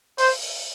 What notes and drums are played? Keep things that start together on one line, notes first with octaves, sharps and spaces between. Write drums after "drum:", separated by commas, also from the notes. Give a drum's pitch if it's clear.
C5, drum: open hi-hat
drum: open hi-hat